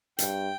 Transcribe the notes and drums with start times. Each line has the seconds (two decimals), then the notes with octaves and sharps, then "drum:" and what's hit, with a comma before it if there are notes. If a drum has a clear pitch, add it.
0.19 G2 G5, drum: hi-hat